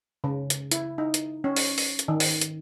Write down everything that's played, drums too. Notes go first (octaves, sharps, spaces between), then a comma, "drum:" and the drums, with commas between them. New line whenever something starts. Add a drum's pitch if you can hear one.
C#3
drum: hi-hat
E4, drum: hi-hat
D#4
drum: hi-hat
C#4
drum: open hi-hat
drum: open hi-hat
drum: hi-hat
D#3
drum: open hi-hat
drum: hi-hat